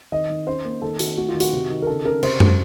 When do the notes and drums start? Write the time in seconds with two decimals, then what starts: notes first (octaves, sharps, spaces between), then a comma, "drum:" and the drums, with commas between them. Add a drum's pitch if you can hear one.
0.12 D#3 D#5
0.30 D#3
0.47 C#4 C5
0.65 A#3
0.82 D#3 A4
0.99 D#3 F#4, drum: hi-hat
1.18 A3 F#4
1.28 F4
1.34 D#3
1.40 F#4, drum: hi-hat
1.53 C3
1.70 D#3
1.82 A#4
1.87 C#3 A4
2.05 C#3 A#4
2.23 C3 C5, drum: cymbal
2.40 F#3, drum: tom F#2